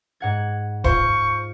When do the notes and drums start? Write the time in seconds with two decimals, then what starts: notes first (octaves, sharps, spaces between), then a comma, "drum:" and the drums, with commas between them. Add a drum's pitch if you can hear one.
0.20 G#2 F#5 G#6
0.84 F4 C5 C#6, drum: kick